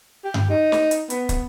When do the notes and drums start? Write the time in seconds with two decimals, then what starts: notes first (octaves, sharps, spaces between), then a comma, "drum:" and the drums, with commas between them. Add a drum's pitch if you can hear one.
0.24 G4
0.34 drum: tom G2
0.50 D#4
0.72 drum: snare
0.91 drum: hi-hat
1.10 B3, drum: hi-hat
1.29 drum: kick, hi-hat